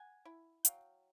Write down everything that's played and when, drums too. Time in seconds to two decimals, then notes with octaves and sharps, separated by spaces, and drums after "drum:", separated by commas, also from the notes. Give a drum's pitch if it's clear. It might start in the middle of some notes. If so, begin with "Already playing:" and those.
Already playing: F#5 G#5
0.25 E4
0.65 F#3 F5 G5, drum: hi-hat